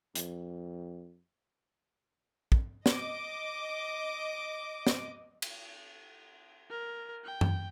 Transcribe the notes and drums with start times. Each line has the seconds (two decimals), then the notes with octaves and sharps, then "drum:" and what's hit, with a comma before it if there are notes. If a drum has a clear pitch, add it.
0.15 F2, drum: hi-hat
2.52 drum: kick
2.86 D#5 D6, drum: snare
4.87 drum: snare
5.42 drum: cymbal
6.70 A#4
7.25 G5
7.41 drum: tom F#2